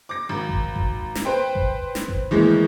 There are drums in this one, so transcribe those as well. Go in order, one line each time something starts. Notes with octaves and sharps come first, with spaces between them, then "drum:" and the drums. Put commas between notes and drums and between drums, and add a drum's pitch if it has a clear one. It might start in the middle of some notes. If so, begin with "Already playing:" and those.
D6 A#6
G#1
drum: kick G1
drum: kick G1
drum: snare
B4 C5 G5
drum: kick G1
drum: snare
drum: kick G1
D#2 A2 E3 G#3